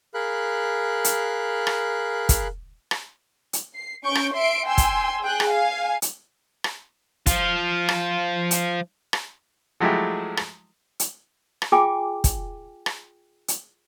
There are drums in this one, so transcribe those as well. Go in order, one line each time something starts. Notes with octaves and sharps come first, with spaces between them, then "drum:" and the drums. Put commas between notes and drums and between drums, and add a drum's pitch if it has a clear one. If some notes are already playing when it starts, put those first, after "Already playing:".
G#4 A#4 F5 B5 F#6
drum: hi-hat
drum: rim click
drum: kick, hi-hat
drum: rim click
drum: hi-hat
C7
C#4 C#6 G6 D7
drum: rim click
E5 C6 C7 D7
G5 G#5 C6 E6
drum: kick, hi-hat
G#4 G5 F#6
drum: rim click
F5 G#5 C7
drum: hi-hat
drum: rim click
F3 F4, drum: kick, hi-hat
drum: rim click
drum: hi-hat
drum: rim click
F3 F#3 G#3 A3 E4 G4
drum: rim click
drum: hi-hat
drum: rim click
F4 G#4 G5 G#5 D6
drum: kick, hi-hat
drum: rim click
drum: hi-hat